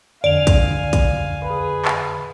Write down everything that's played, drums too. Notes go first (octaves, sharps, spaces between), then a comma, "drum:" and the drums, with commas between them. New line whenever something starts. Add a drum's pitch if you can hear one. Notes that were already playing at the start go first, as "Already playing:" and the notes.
F2 D3 D5 F5 G#5 F7
drum: kick, hi-hat
drum: kick, hi-hat
G#4 B4
drum: clap